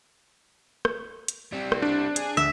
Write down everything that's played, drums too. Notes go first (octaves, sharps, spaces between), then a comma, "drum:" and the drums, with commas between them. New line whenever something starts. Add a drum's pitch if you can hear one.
drum: rim click
drum: hi-hat
G3 C4
drum: rim click
D4
G#4, drum: hi-hat
D2 E5